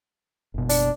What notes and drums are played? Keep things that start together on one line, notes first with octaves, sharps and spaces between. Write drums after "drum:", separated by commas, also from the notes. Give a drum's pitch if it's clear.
F#1 B2
D4, drum: open hi-hat